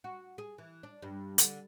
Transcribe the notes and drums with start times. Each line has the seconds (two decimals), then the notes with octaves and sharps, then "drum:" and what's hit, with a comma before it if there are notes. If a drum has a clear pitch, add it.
0.04 F#4
0.38 G#4
0.58 E3
0.83 D4
1.02 G2
1.38 D3, drum: hi-hat